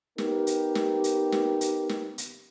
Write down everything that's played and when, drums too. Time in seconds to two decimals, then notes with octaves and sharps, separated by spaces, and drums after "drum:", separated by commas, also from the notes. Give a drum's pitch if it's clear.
0.18 B3 D#4 G4 A#4, drum: snare
0.47 drum: hi-hat
0.75 drum: snare
1.04 drum: hi-hat
1.32 drum: snare
1.61 drum: hi-hat
1.89 drum: snare
2.18 drum: hi-hat